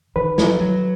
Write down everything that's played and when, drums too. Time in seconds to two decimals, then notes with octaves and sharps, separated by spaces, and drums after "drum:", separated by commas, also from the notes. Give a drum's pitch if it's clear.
0.16 D#3 B4
0.38 F#3, drum: snare
0.60 F#3